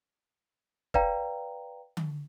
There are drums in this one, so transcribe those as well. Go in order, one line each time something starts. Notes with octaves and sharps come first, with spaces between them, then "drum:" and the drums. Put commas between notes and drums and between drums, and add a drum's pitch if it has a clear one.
B4 D5 F5 G5 A#5, drum: kick
drum: tom D3